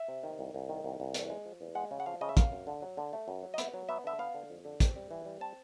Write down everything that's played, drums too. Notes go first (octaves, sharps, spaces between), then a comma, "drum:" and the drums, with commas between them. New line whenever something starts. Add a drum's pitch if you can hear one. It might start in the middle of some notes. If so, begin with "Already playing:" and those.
Already playing: E5
C3
D#3
C2
C2
D#3
C2
C2
E2, drum: hi-hat
G#3
F3
E2
G#3 F#5
C#3
F#5
F3 F5
C#3 D#5
E5
F#3 F5, drum: kick, hi-hat
F#2
D3
F#3
D3
A3
F#2
F#3
D#5
B3 E5, drum: hi-hat
F#3
B3 E5
D3 E5
B3 F5
D3
F2
D3
C4, drum: kick, hi-hat
G3
E3
G3
C4 A5